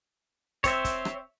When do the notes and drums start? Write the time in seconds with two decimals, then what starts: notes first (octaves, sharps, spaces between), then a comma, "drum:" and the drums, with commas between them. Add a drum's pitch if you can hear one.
0.64 C4 C#5 E5, drum: kick, hi-hat
0.85 drum: kick, hi-hat
1.05 drum: rim click